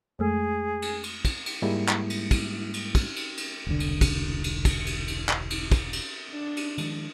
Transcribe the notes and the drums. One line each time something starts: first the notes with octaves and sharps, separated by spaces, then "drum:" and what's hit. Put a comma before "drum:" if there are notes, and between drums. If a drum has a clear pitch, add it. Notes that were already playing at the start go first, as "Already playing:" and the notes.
F2 G#3 A3 G#4
drum: cymbal
drum: cymbal
drum: kick, cymbal
drum: cymbal
G#2 G3 G#3 A#3 E4
drum: clap
drum: cymbal
drum: kick, cymbal
drum: cymbal
drum: kick, cymbal
drum: cymbal
drum: cymbal
E1 C2 D3
drum: cymbal
drum: kick, cymbal
drum: cymbal
drum: kick, cymbal
drum: cymbal
drum: cymbal
drum: clap
drum: cymbal
drum: kick, cymbal
drum: cymbal
D4
drum: cymbal
D#3 F3 G#3, drum: cymbal